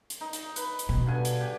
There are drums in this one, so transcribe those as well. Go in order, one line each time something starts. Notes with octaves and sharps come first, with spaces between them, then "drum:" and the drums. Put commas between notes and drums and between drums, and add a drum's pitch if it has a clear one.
drum: hi-hat
D#4
drum: hi-hat
B4, drum: hi-hat
drum: hi-hat
B2
G2 D3 G#5
drum: hi-hat
G4